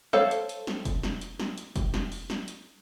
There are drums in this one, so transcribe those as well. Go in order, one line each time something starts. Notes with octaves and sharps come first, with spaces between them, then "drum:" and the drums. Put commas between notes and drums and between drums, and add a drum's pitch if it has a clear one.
A4 C5 C#5 F5, drum: snare
drum: hi-hat
drum: hi-hat
drum: snare
drum: kick, hi-hat
drum: snare
drum: hi-hat
drum: snare
drum: hi-hat
drum: kick, hi-hat
drum: snare
drum: open hi-hat
drum: snare
drum: hi-hat